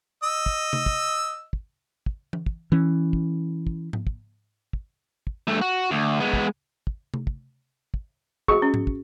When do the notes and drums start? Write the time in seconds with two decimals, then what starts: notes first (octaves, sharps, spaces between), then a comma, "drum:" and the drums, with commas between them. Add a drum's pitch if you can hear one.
0.23 D#5 E6
0.46 drum: kick
0.73 drum: tom C3
0.86 drum: kick
1.53 drum: kick
2.06 drum: kick
2.33 drum: tom E3
2.46 drum: kick
2.72 E3 C#4
3.13 drum: kick
3.67 drum: kick
3.93 drum: tom G#2
4.07 drum: kick
4.73 drum: kick
5.27 drum: kick
5.48 G2 A3
5.61 F#4
5.91 D2
6.20 G#3 B3
6.34 drum: kick
6.87 drum: kick
7.14 drum: tom C3
7.27 drum: kick
7.94 drum: kick
8.48 F#4 G#4 C#6, drum: kick
8.62 C#4
8.74 drum: tom G#2
8.87 drum: kick